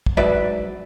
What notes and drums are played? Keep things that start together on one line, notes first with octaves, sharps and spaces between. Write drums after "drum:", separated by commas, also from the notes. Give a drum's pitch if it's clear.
drum: kick
G#2 F#3 B4 D5 E5